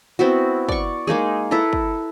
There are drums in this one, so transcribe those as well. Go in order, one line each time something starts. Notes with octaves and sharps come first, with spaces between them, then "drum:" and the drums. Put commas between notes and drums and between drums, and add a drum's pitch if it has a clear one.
B3 C4 E4 F#4
D5 C#6, drum: kick
G#3 A#3 D#4 G#4
E4 A4 B4 A#5
drum: kick